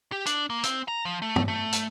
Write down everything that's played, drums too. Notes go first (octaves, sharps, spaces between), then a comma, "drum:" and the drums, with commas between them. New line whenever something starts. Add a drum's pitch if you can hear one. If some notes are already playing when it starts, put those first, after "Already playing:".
G4
D4, drum: hi-hat
A#3
C4, drum: hi-hat
A#5
F3
A3
drum: tom G2
A3
drum: hi-hat